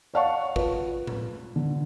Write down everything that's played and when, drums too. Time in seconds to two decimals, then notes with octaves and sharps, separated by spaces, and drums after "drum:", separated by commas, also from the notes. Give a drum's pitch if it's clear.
0.14 C#5 D5 F5 F#5 A5 C#6
0.56 F4 B4, drum: kick
1.07 drum: tom A2
1.56 D3